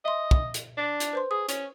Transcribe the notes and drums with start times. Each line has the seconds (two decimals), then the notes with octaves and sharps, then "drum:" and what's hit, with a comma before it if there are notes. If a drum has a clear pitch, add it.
0.05 D#5 E5 C6
0.31 drum: kick
0.54 drum: hi-hat
0.77 D4
1.00 drum: hi-hat
1.13 B4 C5 C6
1.31 G#4 D#6
1.49 C#4, drum: hi-hat